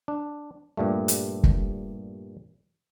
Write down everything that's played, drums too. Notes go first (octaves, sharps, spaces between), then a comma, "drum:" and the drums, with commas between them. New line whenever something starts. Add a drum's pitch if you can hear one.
D4
G2 A#2 G3 A3
drum: hi-hat
drum: kick